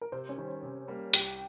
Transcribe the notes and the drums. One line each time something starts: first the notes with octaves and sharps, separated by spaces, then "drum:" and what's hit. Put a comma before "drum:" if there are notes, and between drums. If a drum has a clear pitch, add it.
A#4
C3 C5
C#4
D#3 G3
C3
G3 A#3
C2 G4, drum: hi-hat